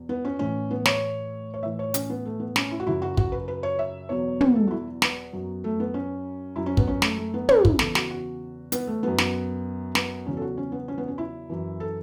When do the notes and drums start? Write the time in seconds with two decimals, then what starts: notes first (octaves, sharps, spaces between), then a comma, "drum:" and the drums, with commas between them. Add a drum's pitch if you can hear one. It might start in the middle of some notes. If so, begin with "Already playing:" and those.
Already playing: E2 B2
0.09 B3
0.25 C#4
0.39 A2 E3 C#4
0.71 B3
0.86 C#5, drum: snare
1.54 C#5
1.63 A2 E3 E5
1.79 C#5
1.94 C#4, drum: hi-hat
2.10 B3
2.25 A3
2.40 B3
2.56 C#4, drum: snare
2.71 E4
2.80 F#4
2.86 F#2 C#3 F#3 E4
3.02 F#4
3.17 F#4, drum: kick
3.32 B4
3.48 B4
3.63 C#5
3.79 E5
4.09 E2 B2 F#3 C#5
4.41 B4, drum: tom
4.56 A4
4.67 F#4
4.71 E4
5.02 B3, drum: snare
5.33 F#2 F#3
5.64 A3
5.80 B3
5.94 C#4
6.56 F#2 F#3 E4
6.66 C#4
6.77 B3, drum: kick
6.88 C#4
7.02 A3, drum: snare
7.18 A3
7.34 B3
7.49 C#4, drum: tom
7.65 E4, drum: kick
7.79 E2 C#3 E3 A4, drum: snare
7.95 F#4, drum: snare
8.11 F#4
8.72 B3, drum: hi-hat
8.87 A3
9.03 F#2 F#3 B3
9.18 B3, drum: snare
9.95 B3, drum: snare
10.26 E2 C#3 F#3 C#4
10.37 A4
10.42 F#4
10.57 C#4
10.72 B3
10.88 C#4
10.98 B3
11.08 C#4
11.18 E4
11.50 F#2 E3
11.80 A4